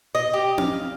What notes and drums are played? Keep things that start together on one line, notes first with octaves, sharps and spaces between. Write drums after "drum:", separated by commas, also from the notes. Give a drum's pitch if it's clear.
D#5
G4
F5, drum: tom C4